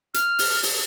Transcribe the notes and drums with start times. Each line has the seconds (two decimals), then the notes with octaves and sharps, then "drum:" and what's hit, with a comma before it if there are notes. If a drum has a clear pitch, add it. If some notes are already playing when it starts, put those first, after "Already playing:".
0.14 F6, drum: hi-hat
0.39 drum: open hi-hat
0.63 drum: open hi-hat